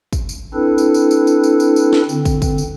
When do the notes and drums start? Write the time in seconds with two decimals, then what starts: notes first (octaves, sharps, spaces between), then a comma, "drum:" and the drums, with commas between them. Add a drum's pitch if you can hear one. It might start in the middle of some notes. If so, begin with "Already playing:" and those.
0.13 drum: kick, tambourine
0.29 drum: tambourine
0.54 C4 D4 E4 A4 B4
0.78 drum: tambourine
0.94 drum: tambourine
1.11 drum: tambourine
1.27 drum: tambourine
1.44 drum: tambourine
1.60 drum: tambourine
1.76 drum: tambourine
1.93 drum: snare
2.09 D3 C4, drum: tambourine
2.25 drum: kick, tambourine
2.42 drum: kick, tambourine
2.58 drum: tambourine